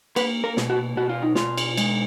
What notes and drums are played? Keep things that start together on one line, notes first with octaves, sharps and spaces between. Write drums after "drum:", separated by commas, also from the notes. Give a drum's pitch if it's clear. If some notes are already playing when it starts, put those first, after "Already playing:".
A#3 B4, drum: cymbal
A#4
B2, drum: snare
F#4
B2 F#4
F4
D#4
B2 F4, drum: snare
drum: cymbal
G#3, drum: cymbal